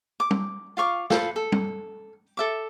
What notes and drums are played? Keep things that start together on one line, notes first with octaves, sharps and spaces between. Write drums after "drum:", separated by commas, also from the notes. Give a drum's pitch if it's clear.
D6
drum: tom
F4 F5 C#6 D6
F4 A4 B4 C5, drum: snare
A4
drum: tom
A4 E5 D6